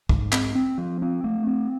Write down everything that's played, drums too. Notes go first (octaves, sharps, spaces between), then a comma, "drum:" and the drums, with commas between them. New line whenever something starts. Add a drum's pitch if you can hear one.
G#2, drum: kick
C4, drum: clap
C4
F3
C4
A3
C4